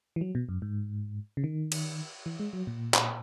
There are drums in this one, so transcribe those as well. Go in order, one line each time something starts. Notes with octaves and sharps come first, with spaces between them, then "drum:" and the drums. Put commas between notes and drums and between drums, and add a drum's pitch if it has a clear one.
E3
F#3
B2
F#2
G#2
C#3
D#3
drum: cymbal
E3
G#3
F#3
A#2
drum: clap